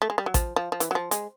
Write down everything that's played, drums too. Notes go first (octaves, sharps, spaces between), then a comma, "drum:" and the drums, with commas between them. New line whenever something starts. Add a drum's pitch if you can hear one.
A3
G#3
G3
F#3
F3, drum: kick A1, hi-hat
F3
F3
E3, drum: hi-hat
F#3
F3
G#3, drum: hi-hat